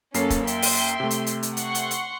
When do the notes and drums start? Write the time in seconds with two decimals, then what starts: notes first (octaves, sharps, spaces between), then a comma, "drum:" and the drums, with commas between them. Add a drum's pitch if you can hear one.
0.14 F#2 A#3 C#4 A4 C7, drum: hi-hat
0.30 drum: kick, hi-hat
0.47 E5 G5 C6, drum: hi-hat
0.62 drum: open hi-hat
1.00 C3 A3
1.11 drum: hi-hat
1.27 drum: hi-hat
1.43 drum: hi-hat
1.57 F#5 C6 C#6, drum: hi-hat
1.75 drum: hi-hat
1.91 drum: hi-hat